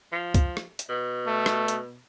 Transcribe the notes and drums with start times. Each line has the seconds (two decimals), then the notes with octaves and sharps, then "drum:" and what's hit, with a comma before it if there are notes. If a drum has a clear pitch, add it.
0.12 F3
0.34 drum: kick C#2, hi-hat
0.57 drum: rim click
0.79 drum: hi-hat
0.89 B2
1.27 A3
1.46 drum: rim click
1.68 drum: hi-hat